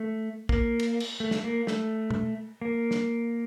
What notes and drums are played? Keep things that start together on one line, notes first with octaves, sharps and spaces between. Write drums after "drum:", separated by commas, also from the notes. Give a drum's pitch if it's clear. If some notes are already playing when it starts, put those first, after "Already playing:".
Already playing: A3
A#3, drum: kick
drum: cymbal
drum: cymbal
A3
drum: snare
A#3
A3, drum: snare
drum: tom
A#3
drum: snare